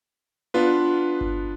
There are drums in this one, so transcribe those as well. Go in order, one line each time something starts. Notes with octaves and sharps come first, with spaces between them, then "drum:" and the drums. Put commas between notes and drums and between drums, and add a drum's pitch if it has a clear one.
B3 D4 F4 B4
drum: kick G1